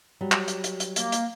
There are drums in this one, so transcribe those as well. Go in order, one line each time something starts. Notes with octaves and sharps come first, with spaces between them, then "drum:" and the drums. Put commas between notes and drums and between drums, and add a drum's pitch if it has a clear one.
F#3 G3
drum: clap
drum: hi-hat
drum: hi-hat
drum: hi-hat
A#3, drum: hi-hat
drum: hi-hat